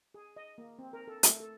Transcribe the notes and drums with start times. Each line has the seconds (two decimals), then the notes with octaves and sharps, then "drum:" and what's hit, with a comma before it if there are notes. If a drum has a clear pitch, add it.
0.14 G#4
0.36 D#5
0.58 A#3
0.79 C4
0.93 A#4
1.08 A4
1.23 A3, drum: hi-hat
1.40 A4